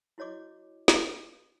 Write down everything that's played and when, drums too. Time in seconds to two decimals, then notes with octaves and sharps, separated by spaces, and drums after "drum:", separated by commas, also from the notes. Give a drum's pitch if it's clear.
0.18 E4 F#4 C#5 D#5 D6
0.88 drum: snare